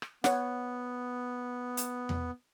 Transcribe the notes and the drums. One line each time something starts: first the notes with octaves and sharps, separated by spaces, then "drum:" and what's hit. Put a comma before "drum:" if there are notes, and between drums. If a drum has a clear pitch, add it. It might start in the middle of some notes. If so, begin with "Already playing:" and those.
drum: rim click
B3 C#5 F#5, drum: snare
drum: hi-hat
drum: tom E2